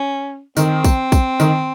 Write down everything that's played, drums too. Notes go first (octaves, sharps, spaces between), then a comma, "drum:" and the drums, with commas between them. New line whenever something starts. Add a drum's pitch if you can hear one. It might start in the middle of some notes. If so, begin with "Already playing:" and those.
Already playing: C#4
D#3 C4, drum: tambourine
drum: kick, tambourine
drum: kick, tambourine
D#3, drum: tambourine